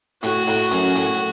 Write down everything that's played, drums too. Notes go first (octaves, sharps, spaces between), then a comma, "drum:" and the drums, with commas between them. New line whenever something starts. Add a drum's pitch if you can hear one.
A2 F#4, drum: hi-hat
A2, drum: open hi-hat
F#2, drum: hi-hat
A2, drum: hi-hat